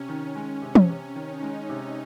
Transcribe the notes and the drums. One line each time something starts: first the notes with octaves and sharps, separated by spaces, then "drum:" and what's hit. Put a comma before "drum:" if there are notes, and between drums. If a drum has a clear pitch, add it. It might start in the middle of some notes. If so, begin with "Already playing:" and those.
Already playing: C3 C#4
D#3
G#3
C3
drum: tom
C3
D#3 D#4
G#3
C3